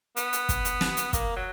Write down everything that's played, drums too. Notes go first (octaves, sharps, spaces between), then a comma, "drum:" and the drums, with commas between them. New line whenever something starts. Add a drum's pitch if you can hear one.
B3, drum: hi-hat
drum: hi-hat
drum: kick, hi-hat
drum: hi-hat
drum: snare
drum: hi-hat
A#3, drum: kick, hi-hat
F#3